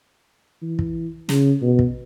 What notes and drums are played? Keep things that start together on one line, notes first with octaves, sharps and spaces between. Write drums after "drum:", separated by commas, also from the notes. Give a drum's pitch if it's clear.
E3
drum: kick
C#3, drum: snare
B2
drum: kick